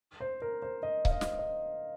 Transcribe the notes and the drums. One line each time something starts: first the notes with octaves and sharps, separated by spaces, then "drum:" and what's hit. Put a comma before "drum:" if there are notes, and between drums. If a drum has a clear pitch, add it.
C5
A#4
C5
D#5
F5, drum: kick C#1
D#5
drum: snare
D#5